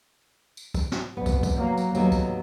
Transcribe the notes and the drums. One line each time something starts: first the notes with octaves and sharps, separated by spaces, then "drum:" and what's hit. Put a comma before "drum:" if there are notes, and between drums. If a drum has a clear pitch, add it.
drum: tambourine
drum: kick, tambourine
drum: snare
F#1 C2 B3
drum: kick, tambourine
drum: kick, tambourine
F#3 A#3
drum: tambourine
D#2 F#3 A3 B3, drum: tambourine
drum: kick, tambourine